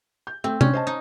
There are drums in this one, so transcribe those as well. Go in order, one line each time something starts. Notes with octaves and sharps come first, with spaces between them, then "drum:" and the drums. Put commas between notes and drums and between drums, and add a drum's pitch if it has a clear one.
G6
A3 C4
C#4 D4, drum: tom C3
C5 D#5 A5
D#4